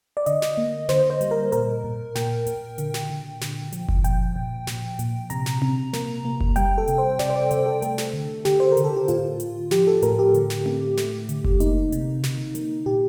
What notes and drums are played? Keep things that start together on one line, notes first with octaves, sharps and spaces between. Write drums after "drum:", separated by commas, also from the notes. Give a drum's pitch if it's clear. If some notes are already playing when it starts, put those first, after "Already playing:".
D5
D3 D#5, drum: hi-hat
drum: snare
A#3
D3 C5, drum: snare
C5
G3, drum: hi-hat
A#4
A#2 A#4, drum: hi-hat
A#2
A#2 G5, drum: snare
A#2, drum: hi-hat
D3, drum: hi-hat
drum: snare
D3
D3, drum: snare
F3, drum: hi-hat
drum: kick F#1
A#2 G5, drum: hi-hat
A#2
A#2, drum: snare
A#2, drum: hi-hat
C3 A#5, drum: hi-hat
drum: snare
C3, drum: tom C4
A#3, drum: snare
A#3
drum: kick F#1
G3 G5, drum: hi-hat
A4
C3, drum: hi-hat
C5
C3 D5, drum: snare
C5
D5
C3 C5, drum: hi-hat
A4
A3 A4, drum: hi-hat
drum: snare
D3
D3 G4, drum: snare
C5
A#4
D3, drum: hi-hat
A4
G4
A2 F4, drum: hi-hat
A2, drum: hi-hat
F3 G4, drum: snare
A4
A2 A#4, drum: hi-hat
G4
D3, drum: hi-hat
drum: snare
A3, drum: tom C4
A3, drum: snare
D3, drum: hi-hat
drum: kick F#1
A#3 D#4, drum: hi-hat
C3, drum: hi-hat
C3, drum: snare
A#3, drum: hi-hat
A#2 G4